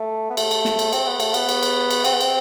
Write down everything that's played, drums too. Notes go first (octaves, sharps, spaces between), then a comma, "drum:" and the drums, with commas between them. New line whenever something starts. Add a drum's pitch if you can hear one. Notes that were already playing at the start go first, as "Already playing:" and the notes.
Already playing: A3
B3
A3, drum: cymbal
drum: cymbal
drum: snare
drum: cymbal
C4, drum: cymbal
B3
A3, drum: cymbal
B3, drum: cymbal
drum: cymbal
drum: cymbal
drum: cymbal
C4, drum: cymbal
B3
C4, drum: cymbal